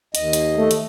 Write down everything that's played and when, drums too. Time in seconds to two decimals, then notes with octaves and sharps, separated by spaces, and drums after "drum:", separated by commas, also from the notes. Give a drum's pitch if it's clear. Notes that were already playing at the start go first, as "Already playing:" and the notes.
0.15 D#2 D#5, drum: hi-hat
0.33 drum: hi-hat
0.57 A3
0.71 drum: hi-hat